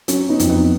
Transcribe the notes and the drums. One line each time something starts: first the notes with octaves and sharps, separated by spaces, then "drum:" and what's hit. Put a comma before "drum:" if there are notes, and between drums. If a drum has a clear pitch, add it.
F#3 C#4, drum: hi-hat
B3 D#4
F2, drum: hi-hat
B3 D#4